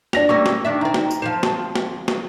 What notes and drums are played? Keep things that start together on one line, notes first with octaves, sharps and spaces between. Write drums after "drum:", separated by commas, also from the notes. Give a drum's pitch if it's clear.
D4 A#6 F7, drum: snare
G3 A#3 C#4 C#6 E6
drum: snare
D#3 D4 E5
D#3 C4 A#5
drum: snare
drum: tambourine
F3 C4 C5 E7
drum: snare
drum: snare
drum: snare